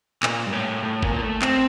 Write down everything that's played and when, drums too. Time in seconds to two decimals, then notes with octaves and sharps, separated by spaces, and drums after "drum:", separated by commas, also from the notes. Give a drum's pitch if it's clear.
0.23 A#2, drum: clap
0.46 G2
0.52 A2
0.83 A2
1.03 A#2, drum: kick
1.12 A#3
1.21 A3
1.42 C4, drum: clap